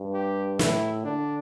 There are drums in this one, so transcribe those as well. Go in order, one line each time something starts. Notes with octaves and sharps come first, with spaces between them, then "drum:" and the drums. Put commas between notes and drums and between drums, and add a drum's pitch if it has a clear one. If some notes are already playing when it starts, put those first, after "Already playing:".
Already playing: G2
G4
A2 E4, drum: snare
D3 D4